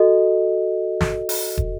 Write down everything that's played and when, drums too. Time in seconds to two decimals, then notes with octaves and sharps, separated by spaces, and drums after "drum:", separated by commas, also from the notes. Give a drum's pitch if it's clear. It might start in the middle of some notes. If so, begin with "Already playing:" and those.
Already playing: F#4 A4 D#5
1.01 drum: snare
1.29 drum: open hi-hat
1.58 drum: kick